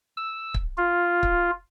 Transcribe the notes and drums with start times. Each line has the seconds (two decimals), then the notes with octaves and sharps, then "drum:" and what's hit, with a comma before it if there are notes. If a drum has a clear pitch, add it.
0.17 E6
0.54 drum: kick
0.77 F4
1.23 drum: kick